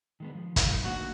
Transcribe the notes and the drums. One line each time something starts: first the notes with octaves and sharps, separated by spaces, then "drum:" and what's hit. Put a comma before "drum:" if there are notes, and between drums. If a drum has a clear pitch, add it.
D#3 G#3 B3
F3
C3 F#3 D#4, drum: kick, hi-hat
D3 A3 A#3 F#4